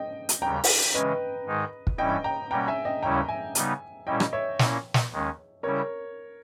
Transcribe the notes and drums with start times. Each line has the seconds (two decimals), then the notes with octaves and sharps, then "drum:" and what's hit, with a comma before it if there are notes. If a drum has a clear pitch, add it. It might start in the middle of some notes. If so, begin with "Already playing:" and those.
Already playing: D#5 G5
0.29 drum: hi-hat
0.41 D#2 C#3 G3 G5 A#5
0.64 drum: open hi-hat
0.94 C#3 E3 G#3 C#4 B4 D#5
1.46 G#2 D#3 G#3 D#4
1.87 drum: kick
1.98 G2 E3 G3 C#4 E4 D#5 G5
2.24 G5 A#5
2.50 B2 G3 A#3 C#4 G5 A#5
2.68 E5 G#5
2.85 D#5 G5
3.02 D#2 C#3 G3 C#4 E4 G5 A#5
3.29 E5 G#5
3.55 C#3 G3 B3 D#4, drum: hi-hat
4.07 A#2 G3 C#4 E4 D#5 G5
4.20 drum: rim click
4.33 C#5 E5
4.59 A#2 A#3 C#4 E4, drum: snare
4.94 drum: snare
5.11 D#2 D#3 G#3 C#4
5.63 C#3 G3 C#4 E4 A#4 C#5